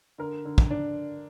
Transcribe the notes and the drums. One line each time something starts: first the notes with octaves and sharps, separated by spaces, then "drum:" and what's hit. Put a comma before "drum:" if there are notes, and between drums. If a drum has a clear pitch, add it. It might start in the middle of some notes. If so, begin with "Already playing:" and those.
D3 A#4
D3
drum: kick
D4